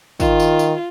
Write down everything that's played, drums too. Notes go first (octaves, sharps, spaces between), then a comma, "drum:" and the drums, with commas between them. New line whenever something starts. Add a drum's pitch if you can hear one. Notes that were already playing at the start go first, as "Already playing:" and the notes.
D#3 F4, drum: kick, tambourine
drum: tambourine
drum: tambourine